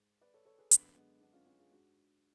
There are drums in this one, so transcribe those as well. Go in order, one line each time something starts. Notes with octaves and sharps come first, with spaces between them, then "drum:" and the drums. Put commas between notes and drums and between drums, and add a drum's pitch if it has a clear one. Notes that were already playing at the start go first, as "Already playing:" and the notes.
Already playing: G#2
B4 D5
A4 C#5
A4 C#5
G#4 B4
F#2 D3 B3 D4, drum: hi-hat
G#3 B3
B3 D4
C#4 F4
C#4 F4
F4 G#4
G#2 D4 F#4